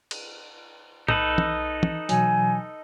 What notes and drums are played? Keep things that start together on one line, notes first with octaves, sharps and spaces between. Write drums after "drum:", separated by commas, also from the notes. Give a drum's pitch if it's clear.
drum: cymbal
B1 D#4 A4 B4, drum: tom
drum: tom
drum: tom
B2 E3 F#3 G#5, drum: hi-hat